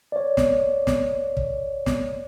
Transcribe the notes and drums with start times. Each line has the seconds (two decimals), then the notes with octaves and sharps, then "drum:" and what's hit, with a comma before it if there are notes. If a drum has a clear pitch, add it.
0.12 C#5 D5
0.37 drum: snare
0.87 drum: snare
1.37 drum: kick
1.86 drum: snare